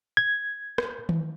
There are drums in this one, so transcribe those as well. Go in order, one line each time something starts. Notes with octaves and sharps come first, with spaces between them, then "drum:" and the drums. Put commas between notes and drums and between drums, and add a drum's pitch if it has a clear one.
G#6
drum: rim click
drum: tom D#3